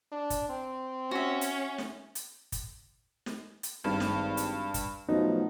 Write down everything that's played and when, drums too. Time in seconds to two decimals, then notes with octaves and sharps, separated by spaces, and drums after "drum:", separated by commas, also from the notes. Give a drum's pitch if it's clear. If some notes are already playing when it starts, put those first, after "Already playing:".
0.12 D4
0.30 drum: kick, hi-hat
0.50 C4
1.11 C#4 F#4 E5
1.41 drum: hi-hat
1.78 drum: snare
2.15 drum: hi-hat
2.52 drum: kick, hi-hat
3.26 drum: snare
3.63 drum: hi-hat
3.84 G#1 G2
4.00 drum: snare
4.37 drum: hi-hat
4.74 drum: kick, hi-hat
5.08 B2 F3 F#3 A3 D#4